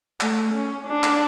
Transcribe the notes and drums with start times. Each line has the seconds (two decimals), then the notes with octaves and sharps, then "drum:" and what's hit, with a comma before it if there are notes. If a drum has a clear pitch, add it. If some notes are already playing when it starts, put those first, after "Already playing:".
0.21 A3, drum: clap
0.54 C#4
0.87 D4
1.03 drum: clap